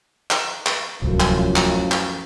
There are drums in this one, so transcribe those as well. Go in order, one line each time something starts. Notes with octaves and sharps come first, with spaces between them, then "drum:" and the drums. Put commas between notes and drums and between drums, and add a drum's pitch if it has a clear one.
drum: clap
drum: clap
D1 C2 F#2 A2 F3
drum: clap
drum: clap
drum: clap